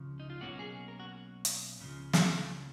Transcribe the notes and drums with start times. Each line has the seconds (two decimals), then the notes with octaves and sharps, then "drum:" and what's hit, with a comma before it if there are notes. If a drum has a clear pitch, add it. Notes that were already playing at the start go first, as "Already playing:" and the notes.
Already playing: C#2 C#3 F3
0.20 D#4
0.30 F4
0.41 B1 B2 A#3 C#4 F#4
0.59 G#4
0.88 A#4
1.00 F#4
1.45 drum: hi-hat
1.79 C#2 C#3 F3
2.13 drum: snare